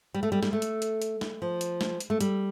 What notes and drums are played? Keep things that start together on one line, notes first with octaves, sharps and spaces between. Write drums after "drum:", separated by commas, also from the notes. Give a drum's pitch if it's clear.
G3
A3
G3
G3, drum: snare
A3
drum: hi-hat
drum: hi-hat
drum: hi-hat
drum: snare
F3
drum: hi-hat
drum: snare
drum: hi-hat
A3
G3, drum: hi-hat